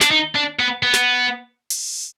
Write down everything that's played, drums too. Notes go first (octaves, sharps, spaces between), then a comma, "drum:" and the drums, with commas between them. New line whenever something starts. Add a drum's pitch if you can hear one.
D4, drum: snare
D#4
D4
B3
B3
drum: snare
drum: open hi-hat